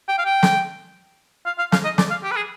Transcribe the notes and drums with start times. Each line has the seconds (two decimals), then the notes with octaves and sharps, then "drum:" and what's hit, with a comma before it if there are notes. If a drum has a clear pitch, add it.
0.08 G5
0.18 F5
0.25 G5
0.43 drum: snare
1.46 F5
1.59 F5
1.72 F5, drum: snare
1.84 D#5
1.98 D5, drum: snare
2.10 F5
2.23 G4
2.32 B4
2.36 G#4